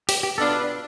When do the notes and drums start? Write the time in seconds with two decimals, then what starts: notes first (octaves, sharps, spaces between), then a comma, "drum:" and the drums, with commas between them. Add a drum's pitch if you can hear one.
0.09 G4, drum: open hi-hat
0.23 G4
0.37 B2 B3 D4 F4 A4
0.52 B4